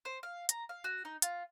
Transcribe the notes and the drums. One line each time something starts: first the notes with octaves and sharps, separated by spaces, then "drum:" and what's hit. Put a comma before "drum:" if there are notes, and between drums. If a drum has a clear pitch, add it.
C5
F5
A#5, drum: hi-hat
F5
F#4
D#4
F4, drum: hi-hat